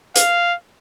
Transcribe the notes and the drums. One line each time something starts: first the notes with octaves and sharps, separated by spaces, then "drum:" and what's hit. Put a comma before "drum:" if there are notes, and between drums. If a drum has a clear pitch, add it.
F5, drum: hi-hat